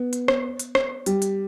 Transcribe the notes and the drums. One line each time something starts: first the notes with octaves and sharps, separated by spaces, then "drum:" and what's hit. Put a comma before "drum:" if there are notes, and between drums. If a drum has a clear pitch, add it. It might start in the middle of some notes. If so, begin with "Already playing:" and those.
Already playing: B3
drum: hi-hat
drum: rim click
drum: hi-hat
drum: rim click
G3, drum: hi-hat
drum: hi-hat